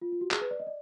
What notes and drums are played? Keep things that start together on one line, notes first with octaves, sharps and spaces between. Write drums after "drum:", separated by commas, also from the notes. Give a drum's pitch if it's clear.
F4
F4
F#4
G#4, drum: clap
B4
D5
D#5
D5